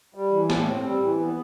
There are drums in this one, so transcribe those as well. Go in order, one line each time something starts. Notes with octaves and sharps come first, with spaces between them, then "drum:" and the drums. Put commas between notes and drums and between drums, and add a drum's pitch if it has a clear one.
G3
E3
A2, drum: snare
C4
G3
E3
B3